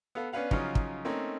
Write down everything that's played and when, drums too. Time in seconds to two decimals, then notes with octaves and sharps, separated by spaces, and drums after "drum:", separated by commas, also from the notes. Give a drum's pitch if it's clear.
0.15 B3 A4 F5
0.33 B3 C#4 D4 B4 F5 F#5
0.51 C#3 F3 F#3 C#4 D#4 F4, drum: kick
0.75 drum: kick
1.05 A3 A#3 C4 C#4 D#4